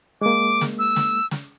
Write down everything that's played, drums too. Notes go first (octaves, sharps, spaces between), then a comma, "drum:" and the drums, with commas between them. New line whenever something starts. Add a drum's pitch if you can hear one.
G#3 A#3 D6
drum: snare
E6
drum: snare
drum: snare